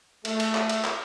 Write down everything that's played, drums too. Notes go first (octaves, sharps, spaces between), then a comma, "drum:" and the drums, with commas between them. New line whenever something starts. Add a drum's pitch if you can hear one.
A3, drum: cymbal
drum: cymbal
drum: clap
drum: cymbal
drum: clap